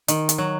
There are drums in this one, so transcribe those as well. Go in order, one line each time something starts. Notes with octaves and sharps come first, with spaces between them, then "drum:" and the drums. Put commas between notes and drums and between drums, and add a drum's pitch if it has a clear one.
D#3, drum: hi-hat
drum: hi-hat
F#3